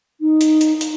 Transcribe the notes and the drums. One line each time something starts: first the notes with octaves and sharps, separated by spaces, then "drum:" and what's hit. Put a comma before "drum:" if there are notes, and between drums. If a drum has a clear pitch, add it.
D#4
drum: hi-hat
drum: hi-hat
drum: hi-hat